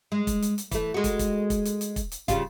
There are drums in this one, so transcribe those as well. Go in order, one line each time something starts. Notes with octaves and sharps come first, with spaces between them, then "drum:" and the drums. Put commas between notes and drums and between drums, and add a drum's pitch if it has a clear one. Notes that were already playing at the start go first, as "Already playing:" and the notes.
G#3
drum: kick, hi-hat
drum: hi-hat
drum: hi-hat
E3 A3, drum: kick, hi-hat
G#3 F#4
drum: kick, hi-hat
drum: kick, hi-hat
drum: kick, hi-hat
drum: hi-hat
drum: hi-hat
drum: kick, hi-hat
drum: hi-hat
C#3 G3 F4, drum: kick, hi-hat